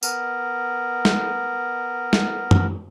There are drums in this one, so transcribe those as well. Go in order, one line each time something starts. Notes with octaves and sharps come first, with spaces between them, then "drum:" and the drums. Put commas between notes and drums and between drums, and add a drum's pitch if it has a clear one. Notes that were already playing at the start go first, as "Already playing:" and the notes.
B3 A#4, drum: tambourine
drum: snare
drum: snare
drum: tom F#2